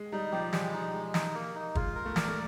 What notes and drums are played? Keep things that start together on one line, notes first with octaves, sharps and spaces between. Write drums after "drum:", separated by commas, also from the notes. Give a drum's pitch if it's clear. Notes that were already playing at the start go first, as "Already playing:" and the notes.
Already playing: G#3
G3 D#4
F3 G4
G3 G#3, drum: snare
D#4
G#3
D#4, drum: snare
A#3
D#4
G#3 F4, drum: kick
A#4
A3
D5, drum: snare
A3